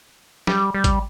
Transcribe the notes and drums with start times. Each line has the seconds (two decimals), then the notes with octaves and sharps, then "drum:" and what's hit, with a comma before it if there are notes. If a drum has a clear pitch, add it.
0.47 G3, drum: snare
0.74 G3
0.84 drum: kick G#1, hi-hat